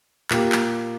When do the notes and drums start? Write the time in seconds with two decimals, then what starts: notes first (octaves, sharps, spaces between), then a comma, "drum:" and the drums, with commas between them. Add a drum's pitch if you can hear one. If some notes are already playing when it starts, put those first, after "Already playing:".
0.31 A#2 A#3 G4, drum: clap
0.52 drum: clap